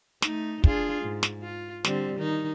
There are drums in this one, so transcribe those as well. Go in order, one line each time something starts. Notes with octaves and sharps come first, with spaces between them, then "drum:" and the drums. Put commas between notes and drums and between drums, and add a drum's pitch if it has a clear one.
A3 D#4, drum: snare
D4 F4 G#4, drum: kick
G#2
drum: snare
F4
D3 G3 C4, drum: snare
D#3 D#4